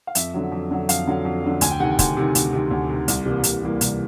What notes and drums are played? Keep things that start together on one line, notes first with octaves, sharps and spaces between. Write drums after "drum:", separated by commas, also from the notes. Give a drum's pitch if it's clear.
F5
F2 E5, drum: hi-hat
D3 F#3
F2
D3 F#3
F2 F5, drum: hi-hat
D3 F#3
F2
D3 F#3
D2 G#5, drum: hi-hat
G5
C3 D#3 F#5
G5
D2, drum: kick, hi-hat
C3 D#3
D2, drum: hi-hat
C3 D#3
D2
C3 D#3
C2, drum: hi-hat
C3 E3 G3 A#3
C2, drum: hi-hat
C3 E3 G3 A#3
C2, drum: hi-hat